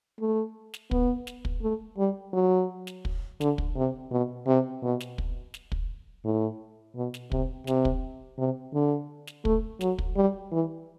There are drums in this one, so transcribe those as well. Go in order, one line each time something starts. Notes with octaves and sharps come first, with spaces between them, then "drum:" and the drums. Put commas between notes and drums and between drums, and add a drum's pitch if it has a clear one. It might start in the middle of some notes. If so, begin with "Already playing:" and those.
A3
drum: snare
B3, drum: kick
drum: snare
drum: kick
A3
G3
F#3
drum: snare
drum: kick
D3, drum: snare
drum: kick
C3
B2
C3
B2
drum: snare
drum: kick
drum: snare
drum: kick
A2
B2
drum: snare
C3, drum: kick
C3, drum: snare
drum: kick
C3
D3
drum: snare
A3, drum: kick
F#3, drum: snare
drum: kick
G3
E3